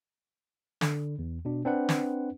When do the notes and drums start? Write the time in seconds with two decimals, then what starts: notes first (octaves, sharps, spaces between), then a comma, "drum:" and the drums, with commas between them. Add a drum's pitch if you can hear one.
0.81 D3, drum: snare
1.19 E2
1.45 B2 D4
1.65 C4 D4 B4 F#5
1.89 drum: snare